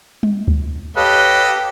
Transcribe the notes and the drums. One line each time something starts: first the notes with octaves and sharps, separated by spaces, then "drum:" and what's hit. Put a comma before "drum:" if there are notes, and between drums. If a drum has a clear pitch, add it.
drum: tom G3
drum: kick D2
G4 A4 B4 C#5 D#5 F5 A5